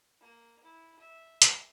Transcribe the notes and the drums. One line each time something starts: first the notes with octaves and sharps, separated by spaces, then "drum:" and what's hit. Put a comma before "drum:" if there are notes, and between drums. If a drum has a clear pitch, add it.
A#3
E4
E5
drum: hi-hat